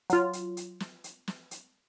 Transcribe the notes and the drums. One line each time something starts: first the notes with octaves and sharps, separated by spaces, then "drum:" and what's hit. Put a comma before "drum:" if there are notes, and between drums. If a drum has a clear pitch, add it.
F#3 F4, drum: hi-hat
drum: hi-hat
drum: hi-hat
drum: snare
drum: hi-hat
drum: snare
drum: hi-hat